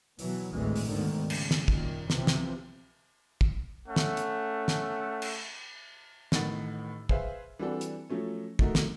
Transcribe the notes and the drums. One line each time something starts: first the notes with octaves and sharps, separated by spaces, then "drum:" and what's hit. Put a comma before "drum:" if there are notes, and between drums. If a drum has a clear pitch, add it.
B2 E3 F#3, drum: open hi-hat
G#1 D2 A2 E3 G#3
drum: open hi-hat
D2 G#2 B2 D3 D#3
C#3 G3, drum: cymbal
drum: snare
F#2 A#2 D#3, drum: kick
B1 C3 E3 F3 C4, drum: snare
drum: snare
drum: kick
A3 C#4 F#5
drum: snare
drum: hi-hat
drum: snare
drum: cymbal
A1 A2 D#3 D#5 F#5 A6, drum: snare
G#4 B4 C5 E5 F5, drum: kick
E3 G3 C4 D4 F#4 A4
drum: hi-hat
F3 F#3 A3 C#4
A3 D#4 F#4 A#4, drum: kick
drum: snare